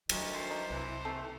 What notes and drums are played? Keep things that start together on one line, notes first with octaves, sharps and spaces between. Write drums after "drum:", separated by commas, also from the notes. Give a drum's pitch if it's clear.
D2 D#3 F#3 G3, drum: cymbal
C5
D#4
C2 E3
D#2 E3 A3 C4 D#4 A4